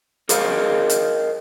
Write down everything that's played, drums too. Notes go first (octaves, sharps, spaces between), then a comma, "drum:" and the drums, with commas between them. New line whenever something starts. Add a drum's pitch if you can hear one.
G#4 A#4 C5 D#5 F5, drum: hi-hat
drum: hi-hat